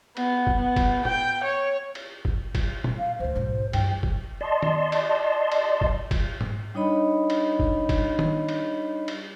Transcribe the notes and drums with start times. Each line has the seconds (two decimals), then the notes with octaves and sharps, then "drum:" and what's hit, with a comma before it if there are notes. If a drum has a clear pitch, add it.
0.17 B3, drum: cymbal
0.47 drum: kick
0.57 B3
0.76 drum: kick, cymbal
1.05 G5, drum: tom
1.44 C#5
1.95 drum: cymbal
2.25 drum: kick
2.55 drum: kick, cymbal
2.84 drum: tom
2.99 F5
3.20 D2 G2 C5
3.35 B1 G#2
3.73 G2 E3 G5, drum: cymbal
4.03 drum: kick
4.41 D5 D#5 A5 C6
4.63 drum: tom D#3
4.92 drum: cymbal
5.52 drum: cymbal
5.81 drum: kick
6.11 drum: kick, cymbal
6.41 drum: tom G#2
6.74 G3 D4 D#4 C#5 D#5 B5
7.30 drum: cymbal
7.59 drum: kick
7.89 drum: kick, cymbal
8.19 drum: tom D#3
8.49 drum: cymbal
9.08 drum: cymbal